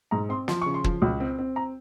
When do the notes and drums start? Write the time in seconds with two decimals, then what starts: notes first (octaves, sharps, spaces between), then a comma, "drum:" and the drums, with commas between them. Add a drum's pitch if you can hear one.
0.11 G#2 A#5
0.29 C4 C6
0.48 F3 C6, drum: snare
0.62 C#3 C#6
0.74 C6
0.84 F3, drum: kick
1.02 C#2
1.20 C4
1.39 C4
1.56 A#5